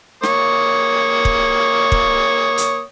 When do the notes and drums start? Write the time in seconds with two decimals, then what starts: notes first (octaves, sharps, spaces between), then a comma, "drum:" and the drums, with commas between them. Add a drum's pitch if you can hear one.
0.23 A#3 C#5 D#6, drum: snare
1.25 drum: kick
1.92 drum: kick
2.58 drum: hi-hat